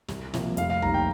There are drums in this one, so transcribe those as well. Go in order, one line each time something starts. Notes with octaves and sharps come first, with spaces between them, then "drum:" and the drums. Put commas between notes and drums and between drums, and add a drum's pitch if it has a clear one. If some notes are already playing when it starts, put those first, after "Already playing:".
C2, drum: snare
C3 F3 A#3, drum: snare
F1 F5, drum: hi-hat
F5
D#2 D#3 G3 A#5, drum: tom B1
G5